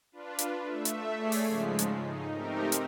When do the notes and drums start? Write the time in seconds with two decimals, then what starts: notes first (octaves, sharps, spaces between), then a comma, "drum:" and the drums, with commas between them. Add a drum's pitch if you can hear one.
0.12 D4 F4 B4
0.39 drum: hi-hat
0.62 A3 E5
0.85 drum: hi-hat
1.17 A3 G#4 C#5 D5 B6 C7
1.32 drum: open hi-hat
1.46 G#2 C#3 F3 G#3
1.79 drum: hi-hat
1.99 D#4
2.32 A3 C4 D#4 G4 A#4
2.72 drum: hi-hat